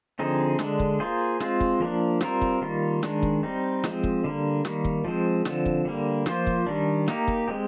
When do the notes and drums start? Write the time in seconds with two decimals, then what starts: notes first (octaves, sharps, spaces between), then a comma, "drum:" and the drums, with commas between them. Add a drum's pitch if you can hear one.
0.19 D3 F3 C4 D#4 G#4
0.59 D3 G#3 D4, drum: snare
0.79 drum: kick
1.00 A#3 F4 G#4 C5
1.40 G#3 C4 F4, drum: snare
1.60 drum: kick
1.80 F3 A#3 D4
2.21 G3 C4 F4 A#4, drum: snare
2.41 drum: kick
2.61 D#3 G3 A#3 F4
3.03 D#3 G#3 D4, drum: snare
3.23 drum: kick
3.43 G3 C4 D#4
3.84 F3 G#3 C4, drum: snare
4.04 drum: kick
4.24 D3 G3 A#3
4.65 D#3 G3 A#3, drum: snare
4.85 drum: kick
5.05 F3 G#3 C4
5.45 D3 F3 C4, drum: snare
5.66 drum: kick
5.85 D3 G3 A#3
6.26 F3 A#3 F4 C5, drum: snare
6.47 drum: kick
6.66 D#3 G3 D4
7.08 A#3 D#4 G4, drum: snare
7.28 drum: kick
7.48 G#3 C4 G4